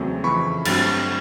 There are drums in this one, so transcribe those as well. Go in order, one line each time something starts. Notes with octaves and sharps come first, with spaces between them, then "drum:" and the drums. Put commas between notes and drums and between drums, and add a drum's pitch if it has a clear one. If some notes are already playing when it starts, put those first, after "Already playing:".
Already playing: E2 C#3 F#3 A3 C4
F2 C#3 E3 B5 C#6
G2 D3 F#3 A3 C4, drum: cymbal